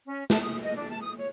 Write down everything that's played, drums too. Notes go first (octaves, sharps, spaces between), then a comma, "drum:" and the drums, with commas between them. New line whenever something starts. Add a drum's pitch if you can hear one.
C#4
A5, drum: snare
D#6
D#5
D4
A5
D#6
C#5